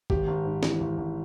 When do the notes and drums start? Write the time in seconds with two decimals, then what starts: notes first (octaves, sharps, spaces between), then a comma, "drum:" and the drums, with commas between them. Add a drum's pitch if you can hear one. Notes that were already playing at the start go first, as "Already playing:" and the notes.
0.10 G#1 G4, drum: kick G#1
0.28 G#1
0.45 G#2
0.63 E3, drum: snare
0.80 G#1
0.98 G#1